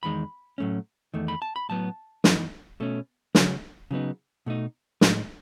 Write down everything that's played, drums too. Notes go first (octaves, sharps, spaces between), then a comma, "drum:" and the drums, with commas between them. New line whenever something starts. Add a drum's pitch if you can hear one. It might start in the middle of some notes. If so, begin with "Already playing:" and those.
E2 D#3 G#3 D#4 B5
A2 F#3 A3 C#4
E2 D#3 A3
B5
A5
B5
A2 F#3 B3 A5
F#2 E3 B3 D#4, drum: snare
B2 A3 C#4
C#3 F#3 C#4, drum: snare
C#3 F#3 B3 D#4
B2 A3 D#4
A2 G#3 D#4, drum: snare